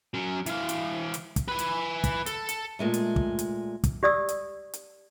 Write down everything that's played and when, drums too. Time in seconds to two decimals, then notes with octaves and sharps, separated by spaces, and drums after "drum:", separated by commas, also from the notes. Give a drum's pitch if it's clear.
0.14 F#3 C#4
0.46 E3 F5, drum: hi-hat
0.69 drum: hi-hat
1.14 drum: hi-hat
1.36 drum: kick, hi-hat
1.48 B4 G#5
1.59 drum: hi-hat
2.04 drum: kick, hi-hat
2.26 A4, drum: hi-hat
2.49 drum: hi-hat
2.79 A#2 G#3 A3
2.94 drum: hi-hat
3.16 drum: kick
3.39 drum: hi-hat
3.84 drum: kick, hi-hat
4.03 G4 D5 D#6 E6
4.29 drum: hi-hat
4.74 drum: hi-hat